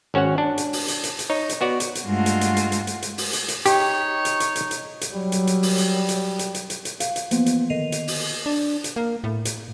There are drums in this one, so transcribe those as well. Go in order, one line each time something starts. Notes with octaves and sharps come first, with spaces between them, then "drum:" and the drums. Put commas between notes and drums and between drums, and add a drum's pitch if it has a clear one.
G#1 C#4 F#4 C#5 F#5
D4
drum: hi-hat
drum: open hi-hat
drum: hi-hat
drum: hi-hat
drum: hi-hat
D#4 C#5
drum: hi-hat
B3 F#4 D5
drum: hi-hat
drum: hi-hat
G2 G#3 A3 F4 F#4
drum: hi-hat
drum: hi-hat
drum: hi-hat
drum: hi-hat
drum: hi-hat
drum: hi-hat
drum: open hi-hat
drum: hi-hat
drum: hi-hat
D#4 G4 C#5, drum: hi-hat
drum: hi-hat
drum: hi-hat
drum: hi-hat
drum: hi-hat
drum: hi-hat
F#3 G3
drum: hi-hat
drum: hi-hat
drum: open hi-hat
drum: hi-hat
drum: hi-hat
drum: hi-hat
drum: hi-hat
drum: hi-hat
drum: hi-hat
F5, drum: hi-hat
drum: hi-hat
E3 F3 A#3 B3 F4, drum: hi-hat
drum: hi-hat
D3 D#3 D#5 C7 D#7 F7
drum: hi-hat
drum: open hi-hat
D4
drum: hi-hat
A#3
A2
drum: hi-hat